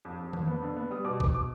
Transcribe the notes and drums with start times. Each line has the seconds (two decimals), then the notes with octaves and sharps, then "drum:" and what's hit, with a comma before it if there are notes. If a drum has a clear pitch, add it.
0.05 F2
0.19 F2
0.33 F2, drum: tom D#3
0.48 B3
0.62 D3
0.77 B3
0.90 G3 D#6
1.05 B2 D6
1.20 B2 D6, drum: kick
1.34 D6